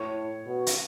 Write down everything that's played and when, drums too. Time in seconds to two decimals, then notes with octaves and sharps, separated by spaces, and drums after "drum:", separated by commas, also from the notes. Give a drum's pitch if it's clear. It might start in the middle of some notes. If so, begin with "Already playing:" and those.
Already playing: A2 C#5 C#6
0.46 B2
0.67 drum: hi-hat